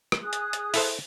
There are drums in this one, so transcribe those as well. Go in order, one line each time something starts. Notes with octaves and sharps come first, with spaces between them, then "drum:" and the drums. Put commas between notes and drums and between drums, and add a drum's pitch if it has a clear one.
drum: rim click
G#4 D#6 F#6
drum: hi-hat
drum: hi-hat
E4 A4 C5, drum: open hi-hat